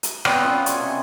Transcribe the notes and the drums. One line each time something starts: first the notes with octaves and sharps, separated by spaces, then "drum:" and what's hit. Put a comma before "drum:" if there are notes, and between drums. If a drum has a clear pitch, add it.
drum: hi-hat
B3 C4 C#5 D5, drum: rim click
C#4 F4 D#5
G#5 C6 C#6, drum: hi-hat
C3